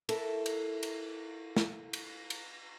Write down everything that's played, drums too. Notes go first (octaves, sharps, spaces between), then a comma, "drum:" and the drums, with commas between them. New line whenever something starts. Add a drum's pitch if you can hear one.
E4 A4 A#4, drum: cymbal
drum: cymbal
drum: cymbal
drum: snare
drum: cymbal
drum: cymbal